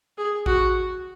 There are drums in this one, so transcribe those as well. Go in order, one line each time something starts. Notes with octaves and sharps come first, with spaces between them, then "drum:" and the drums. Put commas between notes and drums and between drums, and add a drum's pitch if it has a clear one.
G#4
F#4, drum: kick A1